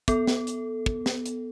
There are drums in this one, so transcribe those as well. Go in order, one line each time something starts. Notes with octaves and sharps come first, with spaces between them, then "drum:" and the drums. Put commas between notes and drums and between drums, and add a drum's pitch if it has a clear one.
B3 A4, drum: kick, hi-hat
drum: snare
drum: hi-hat
drum: kick
drum: snare
drum: hi-hat